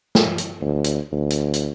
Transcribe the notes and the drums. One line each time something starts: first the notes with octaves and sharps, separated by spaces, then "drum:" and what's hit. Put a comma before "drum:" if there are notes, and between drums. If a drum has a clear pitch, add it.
drum: snare
drum: hi-hat
D2
drum: hi-hat
D2
drum: hi-hat
drum: hi-hat